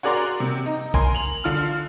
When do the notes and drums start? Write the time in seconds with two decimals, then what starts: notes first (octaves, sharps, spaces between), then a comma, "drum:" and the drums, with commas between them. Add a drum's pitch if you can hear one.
0.03 F#4 G#4 A#4 D5 A#5 C6
0.40 C3
0.66 D#4
0.94 A#4 G#5 C6, drum: kick A#1, open hi-hat
1.15 F7 F#7
1.26 drum: hi-hat
1.44 D3 F4 F6
1.57 drum: hi-hat